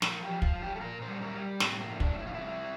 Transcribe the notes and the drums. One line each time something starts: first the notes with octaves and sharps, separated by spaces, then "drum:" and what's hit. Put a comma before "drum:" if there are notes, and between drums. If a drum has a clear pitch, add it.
F3 A#4, drum: snare
G4
F3
F4, drum: kick
F3
G4
A4
A#2 A#4
C5
G3
A#4
G3
A2 C4, drum: snare
A#3
F3
E4
D4, drum: kick
A2
E4
F4
C3 E4